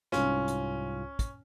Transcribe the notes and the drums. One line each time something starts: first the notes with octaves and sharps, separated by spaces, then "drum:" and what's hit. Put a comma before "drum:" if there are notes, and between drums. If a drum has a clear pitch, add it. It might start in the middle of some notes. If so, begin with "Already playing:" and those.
C2 G#2 C#4 F4, drum: snare
drum: hi-hat
drum: kick, hi-hat